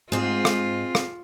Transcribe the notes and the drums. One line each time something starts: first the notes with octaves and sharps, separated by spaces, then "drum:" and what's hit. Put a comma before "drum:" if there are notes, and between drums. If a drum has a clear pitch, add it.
G#2 C4 F4 G#4
drum: rim click
drum: rim click